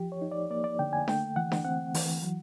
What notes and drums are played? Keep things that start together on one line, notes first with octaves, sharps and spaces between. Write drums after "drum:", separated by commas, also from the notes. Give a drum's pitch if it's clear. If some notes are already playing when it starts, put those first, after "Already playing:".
Already playing: F3 G4
C#5
D#4
D5
A#3 D5
D5
D3 G5
G#5
A3 G5, drum: snare D4
E3 F#5
drum: snare D4
C4 F#5
E3, drum: open hi-hat
F#3